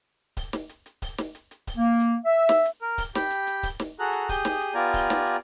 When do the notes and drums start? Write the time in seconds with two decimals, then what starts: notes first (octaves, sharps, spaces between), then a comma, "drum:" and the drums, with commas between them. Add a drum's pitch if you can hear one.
0.37 drum: kick D1, open hi-hat
0.53 drum: snare
0.69 drum: hi-hat
0.86 drum: hi-hat
1.02 drum: kick D1, open hi-hat
1.18 drum: snare
1.35 drum: hi-hat
1.51 drum: hi-hat
1.67 drum: kick D1, open hi-hat
1.77 A#3
2.00 drum: hi-hat
2.25 E5
2.49 drum: snare
2.65 drum: hi-hat
2.82 A#4
2.98 drum: kick D1, open hi-hat
3.15 G4 G5 B5, drum: snare
3.31 drum: hi-hat
3.47 drum: hi-hat
3.63 drum: kick D1, open hi-hat
3.80 drum: snare
3.99 F#4 G#4 A4 A#5 F#6
4.12 drum: hi-hat
4.29 G4 G#4 D#6 G6, drum: kick D1, open hi-hat
4.45 drum: snare
4.61 drum: hi-hat
4.74 B3 F4 G4 D5 G#5 A#5
4.94 drum: kick D1, open hi-hat
5.10 drum: snare
5.26 drum: hi-hat